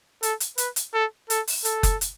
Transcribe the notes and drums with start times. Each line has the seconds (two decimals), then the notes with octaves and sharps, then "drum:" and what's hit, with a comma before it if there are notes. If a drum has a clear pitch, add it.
0.23 A4, drum: hi-hat
0.40 drum: hi-hat
0.58 B4, drum: hi-hat
0.76 drum: hi-hat
0.94 A4
1.30 A4, drum: hi-hat
1.48 drum: open hi-hat
1.65 A4, drum: hi-hat
1.83 drum: kick F#1, hi-hat
2.01 drum: hi-hat